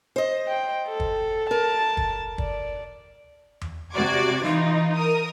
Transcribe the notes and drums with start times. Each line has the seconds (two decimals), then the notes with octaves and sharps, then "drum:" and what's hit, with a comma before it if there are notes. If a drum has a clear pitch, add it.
0.16 C5 D#5
0.48 G5
0.88 A4
1.00 drum: kick
1.51 A#4 A5
1.97 drum: kick
2.38 D5, drum: kick
3.61 drum: tom E2
3.93 C3 F#4 D5 D6 G#6
4.44 E3 D#4 F4, drum: snare
4.95 A#4 D#6